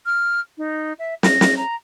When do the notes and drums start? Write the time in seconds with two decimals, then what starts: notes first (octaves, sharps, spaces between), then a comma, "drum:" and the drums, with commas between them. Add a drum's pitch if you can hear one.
0.06 F6
0.58 D#4
0.99 E5
1.23 A#6, drum: snare
1.41 drum: snare
1.56 A#5